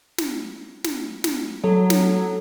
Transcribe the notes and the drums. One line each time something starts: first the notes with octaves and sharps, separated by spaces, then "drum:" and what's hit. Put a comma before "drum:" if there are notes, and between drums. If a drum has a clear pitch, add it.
drum: snare
drum: snare
drum: snare
F#3 A4
drum: snare